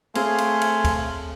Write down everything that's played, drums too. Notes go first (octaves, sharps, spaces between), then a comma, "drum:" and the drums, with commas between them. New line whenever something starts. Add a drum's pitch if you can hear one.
A3 C4 G#4 F5 G#5 C6, drum: cymbal
drum: cymbal
drum: cymbal
drum: kick, cymbal